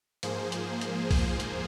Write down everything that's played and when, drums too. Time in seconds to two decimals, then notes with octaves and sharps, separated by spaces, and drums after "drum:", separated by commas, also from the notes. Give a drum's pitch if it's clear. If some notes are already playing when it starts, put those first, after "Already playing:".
0.23 G#2 F3 A#3 G#4 C5, drum: hi-hat
0.52 drum: hi-hat
0.81 drum: hi-hat
1.11 drum: kick, open hi-hat
1.40 drum: hi-hat